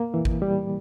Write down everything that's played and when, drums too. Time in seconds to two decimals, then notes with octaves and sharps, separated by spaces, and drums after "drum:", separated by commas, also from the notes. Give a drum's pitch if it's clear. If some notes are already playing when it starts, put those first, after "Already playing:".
Already playing: A#3
0.14 E3
0.25 drum: kick G#1
0.42 G3